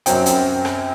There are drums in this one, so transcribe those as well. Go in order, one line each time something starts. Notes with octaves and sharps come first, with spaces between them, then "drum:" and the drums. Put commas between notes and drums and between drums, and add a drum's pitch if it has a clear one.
F#2 F#3 C4 G5, drum: hi-hat
drum: hi-hat
drum: rim click